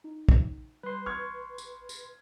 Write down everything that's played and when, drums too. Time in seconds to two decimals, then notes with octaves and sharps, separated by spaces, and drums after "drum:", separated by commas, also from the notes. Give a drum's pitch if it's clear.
0.04 D#4
0.29 drum: kick
0.83 G3 B4 C6
1.06 A1 C#6 F6 G#6
1.58 drum: tambourine
1.89 drum: tambourine